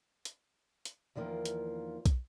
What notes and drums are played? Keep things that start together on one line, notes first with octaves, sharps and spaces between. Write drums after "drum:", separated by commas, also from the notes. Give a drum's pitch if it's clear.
drum: hi-hat
drum: hi-hat
E2 D#3 F3 A#3
drum: hi-hat
drum: kick, hi-hat